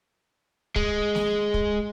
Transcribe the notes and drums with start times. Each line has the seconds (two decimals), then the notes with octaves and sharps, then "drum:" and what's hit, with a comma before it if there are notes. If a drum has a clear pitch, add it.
0.76 G#3, drum: kick
1.15 drum: snare
1.54 drum: kick